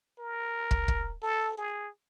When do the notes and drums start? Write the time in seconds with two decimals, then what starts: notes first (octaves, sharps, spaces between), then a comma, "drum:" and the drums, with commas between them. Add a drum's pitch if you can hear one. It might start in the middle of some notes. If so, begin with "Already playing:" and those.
0.19 A#4
0.71 drum: kick
0.88 drum: kick
1.22 A4
1.57 G#4